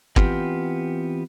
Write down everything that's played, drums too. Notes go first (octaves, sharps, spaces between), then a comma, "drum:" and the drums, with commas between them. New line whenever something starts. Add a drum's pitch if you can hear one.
E3 B3 C4 F4 G4, drum: kick